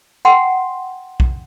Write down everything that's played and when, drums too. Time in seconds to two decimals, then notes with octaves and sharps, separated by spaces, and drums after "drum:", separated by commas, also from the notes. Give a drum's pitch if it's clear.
0.25 F#5 G5 A#5 C6
1.20 drum: kick B1